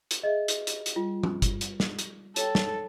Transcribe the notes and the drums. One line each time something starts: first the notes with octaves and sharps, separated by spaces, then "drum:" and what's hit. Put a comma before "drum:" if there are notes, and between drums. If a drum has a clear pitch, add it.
drum: hi-hat
G#4 D#5 E5
drum: hi-hat
drum: hi-hat
drum: hi-hat
G3 F4
drum: tom F3
drum: kick, hi-hat
drum: hi-hat
drum: snare
drum: hi-hat
A4 C#5 G5, drum: hi-hat
drum: snare